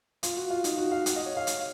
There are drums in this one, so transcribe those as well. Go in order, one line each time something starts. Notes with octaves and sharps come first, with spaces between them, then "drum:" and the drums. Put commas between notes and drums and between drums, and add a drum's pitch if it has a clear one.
F4, drum: hi-hat
F#4
F4
D#4, drum: hi-hat
F#4
F5
F#5, drum: hi-hat
D#5
C#5
F5
drum: hi-hat